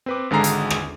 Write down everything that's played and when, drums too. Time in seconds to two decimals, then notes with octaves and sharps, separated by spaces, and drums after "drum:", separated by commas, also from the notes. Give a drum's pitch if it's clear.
0.06 C4 B4 D6
0.30 G#1 D3 G#3 A#5 C7
0.44 drum: hi-hat
0.70 drum: rim click